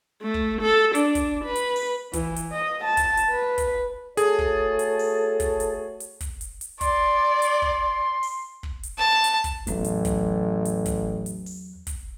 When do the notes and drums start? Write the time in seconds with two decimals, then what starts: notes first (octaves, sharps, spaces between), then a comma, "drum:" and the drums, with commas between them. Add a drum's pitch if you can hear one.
0.22 A3
0.34 drum: kick
0.62 A4
0.95 D4, drum: hi-hat
1.15 drum: kick, hi-hat
1.44 B4
1.55 drum: hi-hat
1.76 drum: open hi-hat
2.13 E3, drum: kick, hi-hat
2.36 drum: hi-hat
2.53 D#5
2.84 A5
2.97 drum: kick, hi-hat
3.17 drum: hi-hat
3.30 B4
3.58 drum: kick, hi-hat
4.17 A3 F#4 G#4 A4 C#5, drum: hi-hat
4.39 drum: kick
4.79 drum: hi-hat
4.99 drum: open hi-hat
5.40 drum: kick, hi-hat
5.60 drum: hi-hat
6.00 drum: hi-hat
6.21 drum: kick, hi-hat
6.41 drum: hi-hat
6.61 drum: hi-hat
6.81 D5 C6, drum: kick, hi-hat
7.42 drum: hi-hat
7.62 drum: kick
8.23 drum: open hi-hat
8.63 drum: kick
8.83 drum: hi-hat
8.98 A5
9.24 drum: hi-hat
9.44 drum: kick, hi-hat
9.67 A1 E2 F#3, drum: hi-hat
9.84 drum: hi-hat
10.05 drum: kick, hi-hat
10.65 drum: hi-hat
10.86 drum: kick, hi-hat
11.26 drum: hi-hat
11.46 drum: open hi-hat
11.87 drum: kick, hi-hat